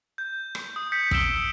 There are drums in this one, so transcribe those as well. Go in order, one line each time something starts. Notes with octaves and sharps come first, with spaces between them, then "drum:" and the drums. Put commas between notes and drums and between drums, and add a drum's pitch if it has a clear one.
G6
drum: rim click
D#6
D#6 G6 B6 C#7
D#6 E6 D7 E7 G7, drum: kick